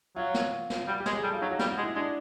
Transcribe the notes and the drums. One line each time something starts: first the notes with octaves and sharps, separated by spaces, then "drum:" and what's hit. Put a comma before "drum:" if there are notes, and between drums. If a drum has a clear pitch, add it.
F#3 F4
drum: snare
drum: snare
G3 F#4
G4
G#3, drum: snare
G#4
G3 A4
F4
F#3 D#4
F#4
G3 G4, drum: snare
F#4
G#3
E4
G#3 D4